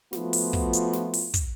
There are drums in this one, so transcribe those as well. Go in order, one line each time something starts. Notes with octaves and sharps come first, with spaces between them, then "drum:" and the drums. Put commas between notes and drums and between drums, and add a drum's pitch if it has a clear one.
F3 A3 B3 F4 F#4, drum: snare
drum: open hi-hat
drum: kick
drum: hi-hat
drum: snare
drum: open hi-hat
drum: kick, hi-hat